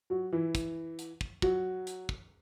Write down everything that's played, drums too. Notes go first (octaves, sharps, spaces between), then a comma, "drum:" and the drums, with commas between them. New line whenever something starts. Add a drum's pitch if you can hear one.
F#3 F#4
E3 E4
drum: kick, hi-hat
drum: hi-hat
drum: kick
F#3 F#4, drum: kick
drum: hi-hat
drum: kick